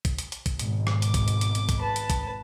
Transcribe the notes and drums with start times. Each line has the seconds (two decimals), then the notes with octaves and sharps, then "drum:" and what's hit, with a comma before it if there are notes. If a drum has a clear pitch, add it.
0.05 drum: kick, hi-hat
0.18 drum: hi-hat
0.32 drum: hi-hat
0.46 drum: kick, hi-hat
0.59 G#1 G#2 B2, drum: hi-hat
0.87 drum: rim click
1.02 D6, drum: hi-hat
1.14 drum: kick, hi-hat
1.28 drum: hi-hat
1.41 drum: hi-hat
1.55 drum: hi-hat
1.69 drum: kick, hi-hat
1.79 B4 A5
1.96 drum: hi-hat
2.10 drum: kick, hi-hat